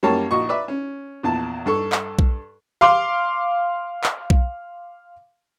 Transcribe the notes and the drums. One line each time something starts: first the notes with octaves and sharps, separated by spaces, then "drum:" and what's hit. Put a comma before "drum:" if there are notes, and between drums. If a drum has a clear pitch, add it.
F#2 G3 A#3 C#5 A5
A#1 F#4 D#5 C#6
B4 D5 E5
C#4
A#1 E2 A5
G2 A4 C#6
drum: clap
drum: kick B1
F5 C6 D6
drum: clap
drum: kick B1